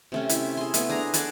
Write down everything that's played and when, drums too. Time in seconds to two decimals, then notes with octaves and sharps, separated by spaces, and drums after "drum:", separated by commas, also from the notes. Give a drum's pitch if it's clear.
0.12 C3 A3 C#4
0.29 E4 E5, drum: hi-hat
0.57 G#4 C6
0.74 A3 B3, drum: hi-hat
0.89 D4 G#4 A#5
1.14 G#4 A4 D5 F#5, drum: hi-hat